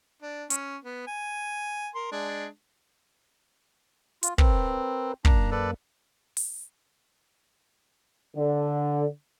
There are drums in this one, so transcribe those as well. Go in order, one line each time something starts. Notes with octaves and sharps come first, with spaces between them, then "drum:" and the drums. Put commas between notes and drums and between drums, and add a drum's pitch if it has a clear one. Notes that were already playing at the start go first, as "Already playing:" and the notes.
D4
C#4, drum: hi-hat
B3
G#5
A#4 C6
G#3 D4
F4, drum: hi-hat
C4 A#4 B4, drum: kick
F#2 A#3 D4 A#5, drum: kick
A4 B4 D5
drum: open hi-hat
D3